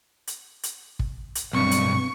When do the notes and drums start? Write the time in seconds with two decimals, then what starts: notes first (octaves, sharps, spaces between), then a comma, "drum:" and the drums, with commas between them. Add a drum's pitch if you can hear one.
0.27 drum: hi-hat
0.63 drum: hi-hat
0.99 drum: kick
1.35 drum: hi-hat
1.53 B1 G2 C4 C#6
1.71 drum: hi-hat